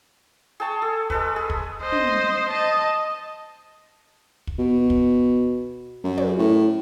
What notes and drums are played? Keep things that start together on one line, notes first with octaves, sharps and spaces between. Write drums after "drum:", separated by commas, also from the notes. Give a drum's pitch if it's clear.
G#4 G5 A5 C#6
A4
G#3 A4 B4, drum: kick
G#4
drum: kick
C5 D#5
drum: tom
D#5 A5
drum: kick
B2
drum: kick
F#2
drum: tom
A2